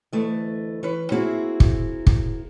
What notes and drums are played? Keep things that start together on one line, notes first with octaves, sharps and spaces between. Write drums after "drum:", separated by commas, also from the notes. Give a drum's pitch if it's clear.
D2 E3 A3 D#5
E3 C#4 B4
A#3 C4 E4 F#4 G#4 E5
drum: kick
drum: kick